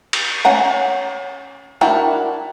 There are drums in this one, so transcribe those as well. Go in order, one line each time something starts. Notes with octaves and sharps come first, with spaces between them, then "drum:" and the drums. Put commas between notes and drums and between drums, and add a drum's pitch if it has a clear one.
drum: cymbal
C#4 F#5 A#5
D4 E4 F#4 A#4 G5